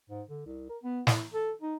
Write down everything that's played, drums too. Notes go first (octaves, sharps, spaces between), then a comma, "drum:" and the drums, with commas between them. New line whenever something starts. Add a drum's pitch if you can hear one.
G#2
D3
C2
A#4
B3
E4, drum: snare
A4
D#4